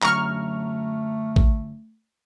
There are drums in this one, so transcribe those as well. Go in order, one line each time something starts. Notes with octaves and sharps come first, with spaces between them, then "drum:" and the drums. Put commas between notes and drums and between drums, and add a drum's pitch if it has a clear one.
F#2 D3 F#3 A3 A#5 C#6 F6, drum: clap
drum: kick